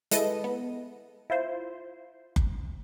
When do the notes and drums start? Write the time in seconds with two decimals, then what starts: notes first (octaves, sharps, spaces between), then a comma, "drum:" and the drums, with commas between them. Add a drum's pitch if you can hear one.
0.11 G#3 E4 A4 B4 D#5, drum: hi-hat
0.44 B3
1.30 E4 F4 C5
2.36 drum: kick F#1